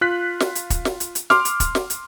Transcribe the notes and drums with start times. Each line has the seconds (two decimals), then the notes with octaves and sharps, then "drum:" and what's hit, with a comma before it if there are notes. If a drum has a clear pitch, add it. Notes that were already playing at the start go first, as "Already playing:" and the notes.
0.01 F4 F#6 B6
0.40 drum: snare
0.55 drum: hi-hat
0.70 drum: kick, hi-hat
0.85 drum: snare
1.00 drum: hi-hat
1.15 drum: hi-hat
1.30 C6 D6 F6, drum: snare
1.45 drum: hi-hat
1.60 drum: kick, hi-hat
1.75 drum: snare
1.90 drum: hi-hat